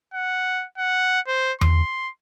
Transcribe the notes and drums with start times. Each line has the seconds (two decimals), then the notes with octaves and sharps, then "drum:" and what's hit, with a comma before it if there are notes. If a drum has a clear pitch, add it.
0.14 F#5
0.78 F#5
1.27 C5
1.61 C6, drum: tom E2